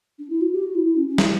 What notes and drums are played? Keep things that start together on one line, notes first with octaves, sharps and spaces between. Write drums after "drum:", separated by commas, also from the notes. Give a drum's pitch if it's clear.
D4
E4
F#4
G4
F#4
E4
E4
C#4
C#4
drum: snare